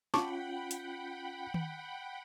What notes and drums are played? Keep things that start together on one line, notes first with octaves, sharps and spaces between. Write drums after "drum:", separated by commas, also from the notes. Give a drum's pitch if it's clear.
C#4 F4 F#5 G5 A5 B5 C#6 D6, drum: snare
drum: hi-hat
drum: tom D#3